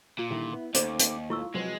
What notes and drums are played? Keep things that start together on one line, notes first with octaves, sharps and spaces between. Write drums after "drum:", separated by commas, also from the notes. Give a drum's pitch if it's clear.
A#2 F4
D3 D#3 G3 E4
B3
D#2 A3 C#4 D#4 C5 D6, drum: hi-hat
drum: hi-hat
B1 A3 E4 F4 C#6 E6
C3 F3 F#3 G#3 B4